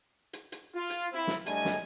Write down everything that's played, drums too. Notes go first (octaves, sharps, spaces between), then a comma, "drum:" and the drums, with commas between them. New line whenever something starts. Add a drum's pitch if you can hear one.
drum: hi-hat
drum: hi-hat
F4
drum: hi-hat
C4 E4
drum: snare
A2 G3 A3 D4 D#5 G#5, drum: hi-hat
drum: snare